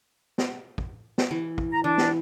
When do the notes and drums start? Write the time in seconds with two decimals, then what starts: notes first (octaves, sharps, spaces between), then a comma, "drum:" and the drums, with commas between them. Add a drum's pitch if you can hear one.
0.38 drum: snare
0.78 drum: kick
1.18 drum: snare
1.31 E3
1.58 drum: kick
1.71 A#5
1.84 E3 D4
1.98 drum: snare